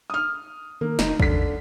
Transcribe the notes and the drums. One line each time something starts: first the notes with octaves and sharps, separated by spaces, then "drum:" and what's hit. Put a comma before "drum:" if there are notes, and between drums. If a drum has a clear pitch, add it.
D#6 F6
D#3 A#3
F1 D#4, drum: snare
E2 D3 B6, drum: kick